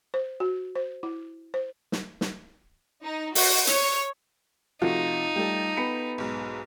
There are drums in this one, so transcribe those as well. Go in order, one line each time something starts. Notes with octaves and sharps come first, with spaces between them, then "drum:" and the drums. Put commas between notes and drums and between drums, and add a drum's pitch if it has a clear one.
C5
F#4
C5
E4
C5
drum: snare
drum: snare
D#4
F#4, drum: open hi-hat
C#5, drum: hi-hat
C3 F3 A3 D#4 F4 F#4
G3 A3 G4 A4
B3 B5 C#7
B1 G#2